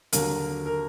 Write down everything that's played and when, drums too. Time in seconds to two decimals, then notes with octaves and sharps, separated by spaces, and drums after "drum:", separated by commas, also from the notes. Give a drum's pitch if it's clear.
0.13 D#2 D3 F#3 A#4, drum: hi-hat
0.66 A#4